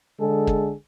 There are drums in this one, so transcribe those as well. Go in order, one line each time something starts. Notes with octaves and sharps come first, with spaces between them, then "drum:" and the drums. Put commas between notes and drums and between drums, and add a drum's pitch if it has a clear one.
D3 G#3 G#4 A4
drum: kick